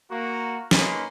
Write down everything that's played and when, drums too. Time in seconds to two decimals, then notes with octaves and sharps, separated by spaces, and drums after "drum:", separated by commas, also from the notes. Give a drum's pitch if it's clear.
0.11 A#3 F#4
0.71 A#3 C#4 D#4 G#4 B4 C6, drum: snare